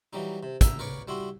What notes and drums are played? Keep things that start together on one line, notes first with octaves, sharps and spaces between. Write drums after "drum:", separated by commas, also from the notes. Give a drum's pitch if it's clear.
E3 F#3 G3 D#4
C3
E5 A#5, drum: kick, hi-hat
A#4 B4 C#5 D5 C#6
G3 E4 F#4 C6